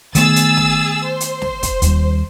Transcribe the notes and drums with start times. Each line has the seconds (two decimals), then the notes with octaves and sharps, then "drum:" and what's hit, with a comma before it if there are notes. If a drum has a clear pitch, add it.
0.15 D#3 A3 B3 G#4 E6 A6, drum: hi-hat
0.36 drum: hi-hat
0.57 drum: snare
1.04 C5
1.20 drum: hi-hat
1.42 drum: snare
1.63 drum: kick, hi-hat
1.82 D#2 G3, drum: hi-hat